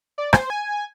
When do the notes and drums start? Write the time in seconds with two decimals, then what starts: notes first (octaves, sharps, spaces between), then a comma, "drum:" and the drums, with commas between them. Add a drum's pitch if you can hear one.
0.18 D5
0.33 C5, drum: rim click
0.50 G#5